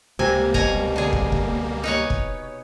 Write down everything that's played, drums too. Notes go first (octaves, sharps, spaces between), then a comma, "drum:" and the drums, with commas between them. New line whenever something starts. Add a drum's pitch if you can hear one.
C#2 C3 G3 A#3 C4 G#5
B2 G#5 A#5, drum: kick
D3 G#4
drum: kick
drum: kick
D#4 B4 C#5
drum: kick